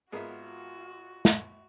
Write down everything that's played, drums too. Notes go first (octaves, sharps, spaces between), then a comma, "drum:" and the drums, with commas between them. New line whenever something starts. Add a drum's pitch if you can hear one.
G#1 B3 F4 F#4 G#4 A#4 E5
drum: snare